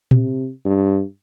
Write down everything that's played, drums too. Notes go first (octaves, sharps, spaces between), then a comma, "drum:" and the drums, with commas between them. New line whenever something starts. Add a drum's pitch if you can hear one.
C3, drum: tom A#2
G2